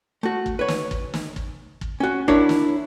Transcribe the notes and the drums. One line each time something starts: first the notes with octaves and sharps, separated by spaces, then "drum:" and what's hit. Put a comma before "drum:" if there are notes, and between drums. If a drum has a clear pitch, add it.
A3 F#4
drum: kick
B4 C#5
drum: snare
drum: kick
drum: snare
drum: kick
drum: kick
C#4 F#4
D4 E4 F#4 A#4 C#5, drum: kick
drum: snare